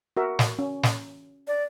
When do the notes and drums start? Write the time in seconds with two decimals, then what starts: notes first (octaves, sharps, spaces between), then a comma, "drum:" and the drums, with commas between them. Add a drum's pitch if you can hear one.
0.17 F#4 A#4 E5
0.39 drum: snare
0.59 C#4
0.83 drum: snare
1.48 D5